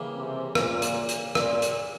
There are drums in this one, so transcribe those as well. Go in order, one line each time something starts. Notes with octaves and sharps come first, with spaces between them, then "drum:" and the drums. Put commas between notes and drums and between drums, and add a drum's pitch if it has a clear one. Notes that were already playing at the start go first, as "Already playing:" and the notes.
Already playing: C#3 E3 G3 A#3 C#4
C3
A#2, drum: rim click
drum: hi-hat
drum: hi-hat
A#2, drum: rim click
drum: hi-hat